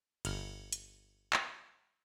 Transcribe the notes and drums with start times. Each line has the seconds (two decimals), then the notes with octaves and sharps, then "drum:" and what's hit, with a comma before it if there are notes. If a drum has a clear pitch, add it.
0.25 G1 F6, drum: cymbal
0.72 drum: hi-hat
1.33 drum: clap